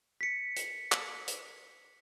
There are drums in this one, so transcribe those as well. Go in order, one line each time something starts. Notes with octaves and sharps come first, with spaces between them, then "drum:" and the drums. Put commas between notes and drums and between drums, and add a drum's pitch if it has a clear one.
B6 C#7
drum: hi-hat
drum: clap
drum: hi-hat